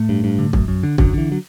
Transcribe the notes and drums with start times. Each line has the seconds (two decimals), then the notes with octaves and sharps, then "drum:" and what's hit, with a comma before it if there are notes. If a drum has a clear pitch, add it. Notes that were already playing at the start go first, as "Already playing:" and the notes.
Already playing: A2 A3
0.09 G2
0.24 G2
0.39 D3
0.53 F#2, drum: kick
0.68 F#2
0.83 D3
0.98 F#2 D3 F#3, drum: kick
1.14 D3 E3
1.32 F#3